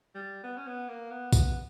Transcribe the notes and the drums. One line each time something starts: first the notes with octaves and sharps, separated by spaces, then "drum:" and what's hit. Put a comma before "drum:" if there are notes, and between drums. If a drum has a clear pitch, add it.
G3
B3
C#4
B3
A#3
B3
B3, drum: kick, tambourine